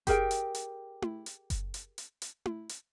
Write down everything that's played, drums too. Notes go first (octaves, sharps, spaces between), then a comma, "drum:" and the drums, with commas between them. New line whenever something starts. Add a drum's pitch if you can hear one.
G4 G#4 A#4 G5, drum: kick F#1, hi-hat
drum: hi-hat
drum: hi-hat
drum: tom E4
drum: hi-hat
drum: kick F#1, hi-hat
drum: hi-hat
drum: hi-hat
drum: hi-hat
drum: tom E4
drum: hi-hat